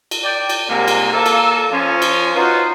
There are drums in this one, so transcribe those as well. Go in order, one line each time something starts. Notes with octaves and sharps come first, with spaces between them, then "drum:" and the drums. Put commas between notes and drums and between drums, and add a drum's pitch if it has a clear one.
drum: cymbal
D5 G5
drum: cymbal
G#2 C3 G3 A#3
drum: cymbal
A#3 A4
drum: cymbal
F3 C#4
drum: cymbal
D#4 F4 F#4 B4 C5